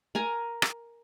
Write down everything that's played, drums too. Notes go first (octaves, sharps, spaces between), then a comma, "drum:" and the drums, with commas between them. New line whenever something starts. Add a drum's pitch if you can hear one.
A#4 G#5 A#5
drum: rim click